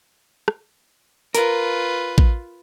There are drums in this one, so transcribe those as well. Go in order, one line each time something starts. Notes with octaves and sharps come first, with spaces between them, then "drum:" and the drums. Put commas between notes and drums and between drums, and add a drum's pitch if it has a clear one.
drum: rim click
F4 A#4 B4, drum: hi-hat
drum: kick A1